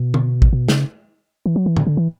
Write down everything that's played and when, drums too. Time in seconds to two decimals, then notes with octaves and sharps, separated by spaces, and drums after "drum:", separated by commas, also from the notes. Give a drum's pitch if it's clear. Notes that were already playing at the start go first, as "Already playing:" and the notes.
Already playing: B2
0.14 drum: tom
0.42 drum: kick A1
0.53 B2
0.68 C#3, drum: snare
1.46 E3
1.56 F#3
1.66 E3
1.77 D3, drum: tom
1.87 D3
1.97 E3